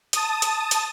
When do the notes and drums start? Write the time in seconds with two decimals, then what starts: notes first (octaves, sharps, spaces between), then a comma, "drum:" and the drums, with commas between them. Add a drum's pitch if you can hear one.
0.13 A5 D#6, drum: hi-hat
0.42 drum: hi-hat
0.71 drum: hi-hat